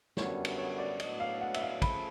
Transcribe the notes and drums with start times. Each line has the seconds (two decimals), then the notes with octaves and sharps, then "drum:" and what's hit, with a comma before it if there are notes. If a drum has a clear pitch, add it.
0.17 F#2 D3 G3 B3 C#5, drum: snare
0.45 drum: cymbal
0.58 C#5
0.78 D5
1.00 A2 F#3 B3 D4 D#5, drum: cymbal
1.20 F5
1.41 F#5
1.54 E5, drum: cymbal
1.62 F5
1.82 C#3 F3 A3 B5, drum: kick, cymbal